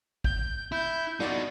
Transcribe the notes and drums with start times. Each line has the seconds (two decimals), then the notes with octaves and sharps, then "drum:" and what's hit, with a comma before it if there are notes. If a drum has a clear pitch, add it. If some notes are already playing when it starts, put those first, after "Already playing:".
0.24 G6, drum: kick
0.72 E4 G6
1.20 D#4 F#4 D5, drum: snare